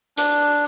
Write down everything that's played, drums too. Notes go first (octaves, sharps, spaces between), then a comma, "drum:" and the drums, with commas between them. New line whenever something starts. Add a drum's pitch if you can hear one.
D4, drum: hi-hat